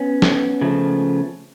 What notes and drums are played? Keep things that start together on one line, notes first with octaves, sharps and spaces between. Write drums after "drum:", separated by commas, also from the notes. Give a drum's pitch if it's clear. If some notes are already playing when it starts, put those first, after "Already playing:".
Already playing: B3 C#4
drum: snare
C#3 F3 A3